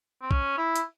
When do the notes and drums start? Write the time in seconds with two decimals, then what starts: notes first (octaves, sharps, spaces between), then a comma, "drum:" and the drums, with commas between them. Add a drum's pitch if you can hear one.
0.22 C4
0.31 C#4, drum: kick
0.57 E4
0.76 drum: hi-hat